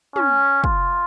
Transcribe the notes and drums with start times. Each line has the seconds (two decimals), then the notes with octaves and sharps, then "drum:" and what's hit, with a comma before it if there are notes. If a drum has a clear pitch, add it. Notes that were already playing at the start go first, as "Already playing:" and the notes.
0.16 C#4, drum: tom
0.64 F4, drum: kick